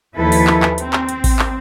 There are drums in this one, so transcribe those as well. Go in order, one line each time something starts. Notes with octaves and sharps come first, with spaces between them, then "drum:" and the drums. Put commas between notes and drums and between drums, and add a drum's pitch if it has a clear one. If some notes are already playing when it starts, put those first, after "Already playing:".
D#2 F3 E4 A4 B4
drum: open hi-hat
drum: clap
drum: clap
C4, drum: hi-hat
drum: clap
drum: hi-hat
drum: kick A1, open hi-hat
drum: clap